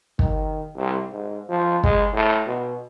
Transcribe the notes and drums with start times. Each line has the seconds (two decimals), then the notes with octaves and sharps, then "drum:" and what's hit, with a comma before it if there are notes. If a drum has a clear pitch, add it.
0.19 D#3, drum: kick
0.76 C2
1.11 G#2
1.49 F3
1.84 G#3, drum: kick
2.13 A2
2.46 B2